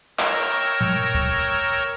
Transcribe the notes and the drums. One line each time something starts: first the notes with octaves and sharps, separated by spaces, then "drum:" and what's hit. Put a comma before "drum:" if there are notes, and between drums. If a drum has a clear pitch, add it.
A#4 C#5 G5 A#5 E6 G#6, drum: clap
drum: tom
drum: kick